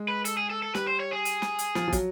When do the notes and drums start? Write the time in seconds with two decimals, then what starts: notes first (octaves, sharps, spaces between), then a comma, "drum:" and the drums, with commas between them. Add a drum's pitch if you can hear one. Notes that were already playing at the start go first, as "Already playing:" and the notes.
Already playing: G#3
0.08 B4
0.25 A4, drum: hi-hat
0.37 G#4
0.50 A4
0.63 A4
0.75 G3 B4, drum: snare
0.88 C5
1.00 C#5
1.12 G#4
1.25 drum: hi-hat
1.42 drum: snare
1.59 drum: hi-hat
1.75 F3, drum: snare
1.88 F3
1.93 F#3, drum: kick, hi-hat